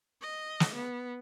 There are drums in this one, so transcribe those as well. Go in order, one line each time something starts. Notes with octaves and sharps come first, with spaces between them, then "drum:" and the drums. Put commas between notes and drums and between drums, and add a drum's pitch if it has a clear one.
D#5
drum: snare
B3